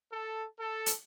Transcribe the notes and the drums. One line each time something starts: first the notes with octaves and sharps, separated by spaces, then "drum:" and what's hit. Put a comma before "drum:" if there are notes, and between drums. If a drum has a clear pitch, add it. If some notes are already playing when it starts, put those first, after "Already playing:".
A4
A4
drum: hi-hat